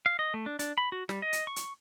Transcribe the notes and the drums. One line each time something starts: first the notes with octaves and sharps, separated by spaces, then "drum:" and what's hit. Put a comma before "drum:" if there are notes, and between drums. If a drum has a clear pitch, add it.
F5
D#5
A3
D4
D4, drum: hi-hat
B5
F#4
G3, drum: snare
D#5
drum: hi-hat
C#6
drum: hi-hat